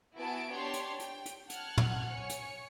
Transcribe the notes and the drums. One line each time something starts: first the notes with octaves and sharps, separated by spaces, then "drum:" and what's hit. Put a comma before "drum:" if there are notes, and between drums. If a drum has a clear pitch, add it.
B3 E4 F#4 G#5 A5 D7
D4 G4 C#5 C6
drum: hi-hat
G5, drum: hi-hat
drum: hi-hat
F#5 A5 F6 F#6 G#6, drum: hi-hat
drum: tom
C#5 G#5 C#7
drum: hi-hat